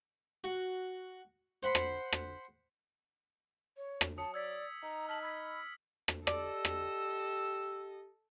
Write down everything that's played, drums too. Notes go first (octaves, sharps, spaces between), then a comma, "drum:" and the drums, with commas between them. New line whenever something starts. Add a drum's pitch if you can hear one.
F#4
C5 F#5 B5 C6
drum: rim click
drum: rim click
C#5
drum: rim click
F#3 A5 D#6 C#7
D5 E6 G#6 B6
D#4 A#5
A5 F6 B6 F#7
B5 E6 G#6 B6
drum: rim click
G4 A4 D5 D#5 E6, drum: rim click
drum: rim click